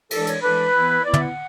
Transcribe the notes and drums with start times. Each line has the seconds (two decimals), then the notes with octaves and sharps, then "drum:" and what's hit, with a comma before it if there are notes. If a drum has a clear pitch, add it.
0.11 A2 E3 G#3 D4 A4, drum: cymbal
0.27 C#5, drum: hi-hat
0.42 A2 E3 G#3 D4 B4
0.73 E3 B3 E4
1.04 E3 B3 E4 D5
1.14 E5, drum: tom
1.20 F#5